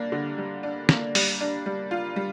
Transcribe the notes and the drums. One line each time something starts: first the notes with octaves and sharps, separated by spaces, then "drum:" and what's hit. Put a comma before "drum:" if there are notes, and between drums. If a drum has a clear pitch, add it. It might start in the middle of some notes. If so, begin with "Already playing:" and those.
Already playing: G3 A#3 D4
D3
G3
D4
A#3, drum: snare
G3, drum: open hi-hat
D4
G3
F4
G3